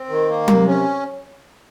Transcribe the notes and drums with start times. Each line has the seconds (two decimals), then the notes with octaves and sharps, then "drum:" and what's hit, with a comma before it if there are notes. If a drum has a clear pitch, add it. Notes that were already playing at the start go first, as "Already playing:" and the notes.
Already playing: C4
0.09 D#3
0.29 A#3
0.48 C3, drum: tom F#3
0.67 C#4